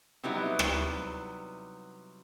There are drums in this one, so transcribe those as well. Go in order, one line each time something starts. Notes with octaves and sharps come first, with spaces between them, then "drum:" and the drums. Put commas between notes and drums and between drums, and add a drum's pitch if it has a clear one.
C3 F#3 G3 B3 D#4 E4
drum: rim click